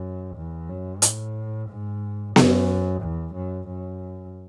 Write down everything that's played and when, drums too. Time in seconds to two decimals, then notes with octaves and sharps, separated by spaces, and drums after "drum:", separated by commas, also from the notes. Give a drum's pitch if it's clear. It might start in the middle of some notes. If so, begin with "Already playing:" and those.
Already playing: F#2
0.36 E2
0.69 F#2
1.02 A2, drum: hi-hat
1.69 G#2
2.36 F#2, drum: snare B3
3.02 E2
3.35 F#2
3.68 F#2